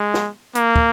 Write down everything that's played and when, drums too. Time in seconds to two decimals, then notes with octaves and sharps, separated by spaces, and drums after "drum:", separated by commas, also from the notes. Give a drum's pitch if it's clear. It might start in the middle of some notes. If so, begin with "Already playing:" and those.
Already playing: G#3
0.14 drum: snare
0.55 A#3, drum: hi-hat
0.76 drum: kick